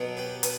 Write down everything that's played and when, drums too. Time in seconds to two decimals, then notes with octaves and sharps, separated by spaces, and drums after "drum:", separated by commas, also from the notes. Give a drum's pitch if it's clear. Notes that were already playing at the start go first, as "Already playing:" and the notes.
Already playing: B2 F#3 B3
0.17 G4 B4
0.43 B4, drum: hi-hat